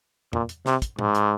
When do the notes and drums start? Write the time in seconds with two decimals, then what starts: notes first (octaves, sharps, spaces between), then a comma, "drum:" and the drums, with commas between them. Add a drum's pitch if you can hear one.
0.33 A#2, drum: tom E2
0.49 drum: hi-hat
0.66 C3, drum: snare
0.82 drum: kick, hi-hat
0.99 G#2, drum: tom
1.15 drum: hi-hat